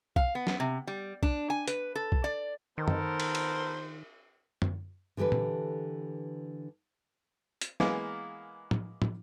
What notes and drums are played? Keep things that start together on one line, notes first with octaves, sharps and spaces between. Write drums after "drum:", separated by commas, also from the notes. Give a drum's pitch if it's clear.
F5, drum: kick B1
B3
drum: snare
C3
G3
D4, drum: kick B1
G#5
B4, drum: hi-hat
A4
drum: kick B1
D5
D#3 B3 A4 A#4 C5
drum: tom F#2
drum: cymbal
drum: cymbal
drum: tom F#2
D3 E3 G4 A4 B4
drum: tom A#2
drum: hi-hat
E3 G#3 A#3 B3, drum: snare
drum: tom
drum: tom